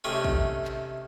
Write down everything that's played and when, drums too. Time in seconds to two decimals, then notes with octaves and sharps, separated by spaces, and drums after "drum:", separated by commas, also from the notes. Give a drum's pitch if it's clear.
0.04 C3 D#3 A3 C#4
0.24 drum: kick
0.65 drum: clap